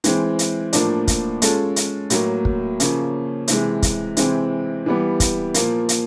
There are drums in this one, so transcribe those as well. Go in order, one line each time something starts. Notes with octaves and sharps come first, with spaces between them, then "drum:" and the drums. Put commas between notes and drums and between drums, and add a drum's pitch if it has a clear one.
E3 G#3 C4, drum: hi-hat
drum: hi-hat
A2 F3 A#3 D4, drum: hi-hat
drum: kick, hi-hat
G#3 C#4 F4 A4, drum: hi-hat
drum: hi-hat
A2 F#3 A#3, drum: hi-hat
drum: kick
C#3 F3 A#3 C#4, drum: hi-hat
C3 E3 G#3, drum: hi-hat
drum: kick, hi-hat
C3 E3 G#3 C4, drum: hi-hat
E3 G3 B3
drum: kick, hi-hat
A#2 F3 A#3, drum: hi-hat
drum: hi-hat